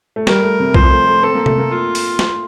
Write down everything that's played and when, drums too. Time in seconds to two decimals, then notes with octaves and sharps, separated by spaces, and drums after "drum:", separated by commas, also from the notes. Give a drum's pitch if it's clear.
0.16 A3
0.27 G3 A#4, drum: snare
0.43 A3
0.60 C3
0.74 F3 C5, drum: kick B1
0.90 A3
1.07 A3
1.23 C4 A4
1.35 A#3
1.46 A3, drum: tom C3
1.58 A#3
1.71 F4
1.95 drum: open hi-hat
2.19 drum: snare